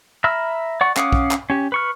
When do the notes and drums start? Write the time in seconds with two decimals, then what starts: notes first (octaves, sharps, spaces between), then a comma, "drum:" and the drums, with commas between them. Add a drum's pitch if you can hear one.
0.24 E5 A#5 B5 E6 F6
0.81 D5 F#5 C#6
0.97 C#4 F5 F#5 D6 D#6, drum: clap
1.12 drum: kick
1.31 drum: clap
1.50 C#4 G4
1.72 B4 C#6 F6